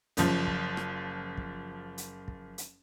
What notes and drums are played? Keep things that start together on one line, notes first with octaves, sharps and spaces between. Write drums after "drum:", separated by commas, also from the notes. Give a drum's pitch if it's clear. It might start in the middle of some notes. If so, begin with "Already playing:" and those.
F#1 F3, drum: hi-hat
drum: kick
drum: rim click
drum: kick
drum: hi-hat
drum: kick
drum: hi-hat